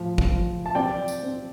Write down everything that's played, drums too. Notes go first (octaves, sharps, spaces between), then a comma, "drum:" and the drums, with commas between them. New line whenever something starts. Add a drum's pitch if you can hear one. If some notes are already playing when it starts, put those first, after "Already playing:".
Already playing: A2 F3
drum: kick
F3
A5
C4 D5 G5
drum: tambourine
C4